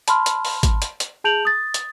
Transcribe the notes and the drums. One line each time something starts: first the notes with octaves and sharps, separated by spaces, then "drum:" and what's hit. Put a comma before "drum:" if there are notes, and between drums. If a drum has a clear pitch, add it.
A5 B5 C6 F6, drum: hi-hat
drum: hi-hat
drum: open hi-hat
drum: kick G#1, hi-hat
drum: hi-hat
drum: hi-hat
G#4 A5 G6 D7 F7 F#7
D#6 A6
drum: hi-hat